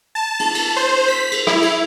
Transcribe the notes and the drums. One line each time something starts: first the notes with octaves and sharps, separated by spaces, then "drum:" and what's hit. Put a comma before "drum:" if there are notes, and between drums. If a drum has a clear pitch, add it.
A5
drum: cymbal
drum: cymbal
C5
B6
drum: cymbal
E4, drum: rim click
drum: cymbal